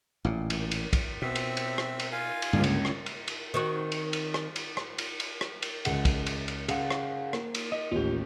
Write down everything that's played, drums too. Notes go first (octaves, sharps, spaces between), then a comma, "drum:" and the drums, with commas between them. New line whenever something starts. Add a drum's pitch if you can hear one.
A1 A#2
drum: cymbal
drum: cymbal
drum: kick, cymbal
B2 C4 E5
drum: cymbal
drum: cymbal
drum: rim click
drum: cymbal
F4 F5 G#5
drum: cymbal
C#2 G2 D3 A#3
drum: cymbal
drum: rim click
drum: cymbal
drum: cymbal
D#3 C4 F#4
drum: cymbal
drum: cymbal
drum: rim click
drum: cymbal
drum: rim click
drum: cymbal
drum: cymbal
drum: rim click
drum: cymbal
C#2 G#4 F#5, drum: cymbal
drum: kick, cymbal
drum: cymbal
drum: cymbal
C#3 G#4 F5 F#5, drum: cymbal
drum: rim click
A#3, drum: rim click
drum: cymbal
D#5
A1 D#2 F4 G4